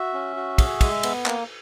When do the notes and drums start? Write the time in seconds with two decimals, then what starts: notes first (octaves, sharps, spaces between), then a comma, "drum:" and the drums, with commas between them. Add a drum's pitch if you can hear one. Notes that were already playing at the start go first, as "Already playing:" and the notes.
Already playing: F#4 E5
0.14 C#4
0.36 F#4
0.58 G#4, drum: kick, cymbal
0.81 G#3, drum: kick, cymbal
1.03 B3, drum: cymbal
1.26 A#3, drum: clap